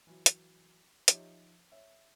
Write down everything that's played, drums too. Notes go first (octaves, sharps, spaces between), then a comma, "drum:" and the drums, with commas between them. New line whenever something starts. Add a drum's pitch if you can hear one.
E3 F#3
drum: hi-hat
F3 D#4 G4 C#5 E5, drum: hi-hat
C#5 E5